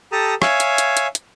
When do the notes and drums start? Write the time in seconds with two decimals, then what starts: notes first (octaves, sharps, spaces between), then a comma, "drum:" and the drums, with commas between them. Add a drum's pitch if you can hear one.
0.12 G4 A4 A5 A#5 D#6
0.42 C#5 E5 F5 G#5, drum: rim click
0.60 drum: hi-hat
0.78 drum: hi-hat
0.97 drum: hi-hat
1.15 drum: hi-hat